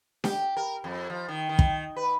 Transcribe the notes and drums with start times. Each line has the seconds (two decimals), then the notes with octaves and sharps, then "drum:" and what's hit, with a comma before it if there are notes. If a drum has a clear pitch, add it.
0.24 G4, drum: snare D4
0.57 A#4
0.84 F2
1.10 F3
1.28 D#3
1.49 D#3
1.59 drum: kick
1.96 B4